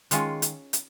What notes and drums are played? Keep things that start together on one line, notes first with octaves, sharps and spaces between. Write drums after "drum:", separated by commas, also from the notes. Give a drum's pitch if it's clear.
D#3 G#3 C#4 F4, drum: hi-hat
drum: hi-hat
drum: hi-hat